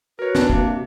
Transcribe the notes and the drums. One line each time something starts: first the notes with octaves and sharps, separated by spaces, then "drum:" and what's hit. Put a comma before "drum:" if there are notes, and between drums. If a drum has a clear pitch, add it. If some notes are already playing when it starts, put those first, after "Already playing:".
F#4 A#4 B4 C#5
E2 B2 D#3 D4, drum: snare
C3 A#3, drum: kick